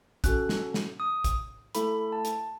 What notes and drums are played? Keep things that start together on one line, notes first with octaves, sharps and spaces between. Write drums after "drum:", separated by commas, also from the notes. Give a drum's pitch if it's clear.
C#4 F#4 A4 F#6, drum: kick, hi-hat
drum: snare
drum: snare
D#6
drum: kick, hi-hat
A3 E4 A4 B5, drum: hi-hat
A5
drum: hi-hat